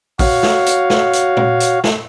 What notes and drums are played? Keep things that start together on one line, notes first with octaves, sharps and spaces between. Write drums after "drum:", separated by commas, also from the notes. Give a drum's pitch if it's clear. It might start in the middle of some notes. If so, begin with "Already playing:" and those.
F#4 C#5 F5, drum: kick, open hi-hat
drum: snare
drum: hi-hat
drum: snare
drum: hi-hat
drum: tom A#2
drum: hi-hat
drum: snare